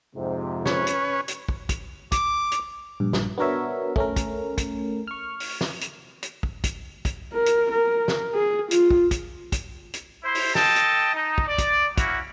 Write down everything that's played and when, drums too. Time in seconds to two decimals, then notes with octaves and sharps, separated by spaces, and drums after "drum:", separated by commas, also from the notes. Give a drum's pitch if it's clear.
0.15 F2 G#2 C3
0.66 C#4 B4 C#5, drum: snare
0.87 drum: hi-hat
1.28 drum: hi-hat
1.49 drum: kick
1.69 drum: kick, hi-hat
2.12 D6, drum: kick, hi-hat
2.52 drum: hi-hat
3.00 A#1 G2
3.13 drum: snare
3.38 B3 D4 F#4 A#4 C#5 E5
3.96 A3 C#4 A#4, drum: kick
4.16 drum: kick, hi-hat
4.58 drum: kick, hi-hat
5.07 C#6 F6
5.40 drum: open hi-hat
5.61 drum: snare
5.81 drum: hi-hat
6.23 drum: hi-hat
6.43 drum: kick
6.64 drum: kick, hi-hat
7.05 drum: kick, hi-hat
7.33 A#4
7.46 drum: hi-hat
7.71 A#4
8.08 drum: snare
8.34 G#4
8.71 F4, drum: hi-hat
8.90 drum: kick
9.11 drum: kick, hi-hat
9.52 drum: kick, hi-hat
9.94 drum: hi-hat
10.23 E4 C5
10.35 drum: open hi-hat
10.55 A4 D#5 G5 A5, drum: snare
10.76 drum: hi-hat
11.14 D#4
11.38 drum: kick
11.47 D5
11.58 drum: kick, hi-hat
11.97 A#3 C#4 E4 F#4, drum: kick, hi-hat